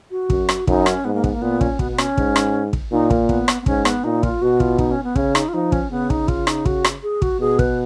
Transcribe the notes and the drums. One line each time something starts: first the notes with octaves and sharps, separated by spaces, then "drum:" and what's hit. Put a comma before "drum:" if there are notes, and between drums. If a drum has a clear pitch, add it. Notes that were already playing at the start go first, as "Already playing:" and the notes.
F#4
F#2, drum: kick
drum: rim click
F#2 D#4, drum: kick
C#4, drum: rim click
G#2 B3
A#3
B3, drum: kick
A#3
A#2 B3
C#4, drum: kick
B2 B3, drum: kick
B3
C#4, drum: rim click
G#2, drum: kick
drum: rim click
drum: kick
A#2 D#4
A#3, drum: kick
B3, drum: kick
drum: rim click
B3
G#2 C#4, drum: kick
B3, drum: rim click
A#2 D#4
F4, drum: kick
B2 F#4
F4, drum: kick
D#4, drum: kick
C#4
B3
C#3 C#4, drum: kick
D#4, drum: rim click
F4
F3 D#4
C#4, drum: kick
C#3 B3
D#4, drum: kick
F4, drum: kick
D#4, drum: rim click
F#4, drum: kick
drum: rim click
G#4
F#4, drum: kick
B2 G#4
B4, drum: kick